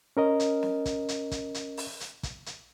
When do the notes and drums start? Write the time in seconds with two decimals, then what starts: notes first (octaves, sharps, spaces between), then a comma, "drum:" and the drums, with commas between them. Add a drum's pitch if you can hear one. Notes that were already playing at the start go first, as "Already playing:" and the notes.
0.17 C#4 A#4 D#5
0.40 drum: hi-hat
0.63 drum: snare
0.86 drum: kick, hi-hat
1.09 drum: hi-hat
1.31 drum: kick, hi-hat
1.54 drum: hi-hat
1.77 drum: open hi-hat
2.00 drum: hi-hat
2.23 drum: kick, hi-hat
2.46 drum: hi-hat